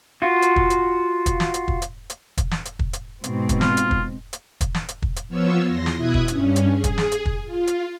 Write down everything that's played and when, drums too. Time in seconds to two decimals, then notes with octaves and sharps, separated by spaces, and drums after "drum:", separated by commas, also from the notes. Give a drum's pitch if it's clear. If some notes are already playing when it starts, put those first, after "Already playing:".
0.22 F4 F#4
0.42 drum: hi-hat
0.56 drum: kick
0.70 drum: hi-hat
1.26 drum: kick, hi-hat
1.40 drum: snare
1.54 drum: hi-hat
1.68 drum: kick
1.82 drum: hi-hat
2.10 drum: hi-hat
2.37 drum: kick, hi-hat
2.51 drum: snare
2.65 drum: hi-hat
2.79 drum: kick
2.93 drum: hi-hat
3.24 G#2 B2 C4, drum: hi-hat
3.49 drum: kick, hi-hat
3.61 F4, drum: snare
3.77 drum: hi-hat
3.91 drum: kick
4.33 drum: hi-hat
4.61 drum: kick, hi-hat
4.75 drum: snare
4.88 drum: hi-hat
5.02 drum: kick
5.16 drum: hi-hat
5.28 F3 B3 F4 C#5 E6
5.66 E2 C6 A#6
5.86 drum: snare
5.97 B2 E4 E5 D#6 F#6 G#6
6.14 drum: kick
6.28 G2 C#4, drum: hi-hat
6.56 drum: hi-hat
6.70 G#4
6.84 drum: kick, hi-hat
6.98 drum: snare
7.12 drum: hi-hat
7.26 drum: kick
7.44 F4
7.67 drum: hi-hat